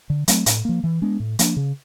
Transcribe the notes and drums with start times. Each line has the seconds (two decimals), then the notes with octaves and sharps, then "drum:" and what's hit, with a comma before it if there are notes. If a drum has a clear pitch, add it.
0.10 D3
0.28 F#3 A3 C4, drum: hi-hat
0.46 A2, drum: hi-hat
0.65 F3 A#3
0.84 E3
1.02 G#3 B3 D4
1.20 A2
1.39 F3 A#3 D4, drum: hi-hat
1.56 C#3